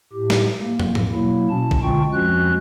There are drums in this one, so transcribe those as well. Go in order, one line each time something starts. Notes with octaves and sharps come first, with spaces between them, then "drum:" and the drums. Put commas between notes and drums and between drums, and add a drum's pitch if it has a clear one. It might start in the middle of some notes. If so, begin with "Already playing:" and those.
A2 G4
drum: snare
A#3
drum: tom
drum: tom G#2
B2 F#3 A#3 E4
B2 C#4 A5
drum: kick A1
D3 G#3 F4 G5 C#6
F2 F3 G#3 C#4 F#4 F#6